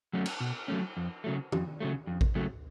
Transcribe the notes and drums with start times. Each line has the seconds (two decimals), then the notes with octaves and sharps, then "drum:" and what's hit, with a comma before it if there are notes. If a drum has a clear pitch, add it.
0.13 F#3 A3 C#4
0.26 drum: cymbal
0.40 B2
0.68 F#3 A3 C#4
0.97 F2
1.24 C#3 F#3 A3
1.52 F2, drum: tom D#3
1.80 C#3 F#3 A3
2.07 F2
2.21 drum: kick A1
2.35 C#3 F#3 A3